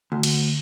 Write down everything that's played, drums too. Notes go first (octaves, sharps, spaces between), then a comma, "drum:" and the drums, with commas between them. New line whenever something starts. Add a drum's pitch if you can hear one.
D2
drum: cymbal